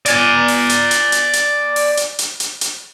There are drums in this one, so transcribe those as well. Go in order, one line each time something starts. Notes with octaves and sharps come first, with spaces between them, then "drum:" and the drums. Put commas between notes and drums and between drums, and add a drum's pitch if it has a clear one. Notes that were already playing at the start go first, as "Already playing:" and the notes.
D5 G#5, drum: hi-hat
drum: open hi-hat
drum: hi-hat
drum: hi-hat
drum: hi-hat
drum: hi-hat
drum: open hi-hat
drum: hi-hat
drum: hi-hat
drum: hi-hat
drum: hi-hat